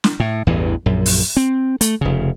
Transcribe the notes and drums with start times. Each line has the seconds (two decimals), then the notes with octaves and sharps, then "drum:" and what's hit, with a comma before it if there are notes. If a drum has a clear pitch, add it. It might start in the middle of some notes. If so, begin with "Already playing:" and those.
0.04 drum: snare
0.20 A2
0.47 A1 E2 G2 E3
0.86 A#1 F#2
1.06 drum: open hi-hat
1.37 C4
1.81 A3, drum: hi-hat
2.01 F1 C#3